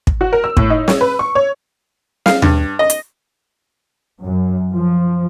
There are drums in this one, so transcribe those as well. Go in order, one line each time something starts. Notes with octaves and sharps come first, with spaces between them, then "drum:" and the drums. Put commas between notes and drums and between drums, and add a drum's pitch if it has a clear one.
drum: kick
F#4
A#4
E6
A2, drum: kick
D#4
C#5, drum: snare
B4
C#6
C#5
F5, drum: snare
G2, drum: tom D#2
D#5
drum: hi-hat
F#2
F3